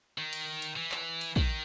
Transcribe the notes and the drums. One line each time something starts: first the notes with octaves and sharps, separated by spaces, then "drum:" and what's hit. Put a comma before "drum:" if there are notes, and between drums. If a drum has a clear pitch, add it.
D#3
drum: cymbal
drum: cymbal
E3
drum: clap
drum: cymbal
D#3, drum: kick